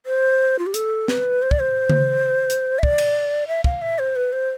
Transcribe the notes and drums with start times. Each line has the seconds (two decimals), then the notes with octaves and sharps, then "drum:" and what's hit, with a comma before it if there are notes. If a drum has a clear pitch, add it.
0.06 C5
0.59 F4
0.66 G4
0.74 A4, drum: hi-hat
1.08 B4, drum: snare
1.42 C5
1.51 D5, drum: kick
1.59 C5
1.90 drum: tom C#3
2.50 drum: hi-hat
2.79 E5
2.83 D5, drum: kick
2.98 drum: cymbal
3.48 E5
3.64 F5, drum: kick
3.82 E5
3.99 C5
4.16 B4
4.32 C5